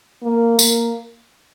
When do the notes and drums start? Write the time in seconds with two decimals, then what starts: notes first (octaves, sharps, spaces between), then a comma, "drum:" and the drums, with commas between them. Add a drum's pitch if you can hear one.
0.23 A#3
0.59 A#3, drum: tambourine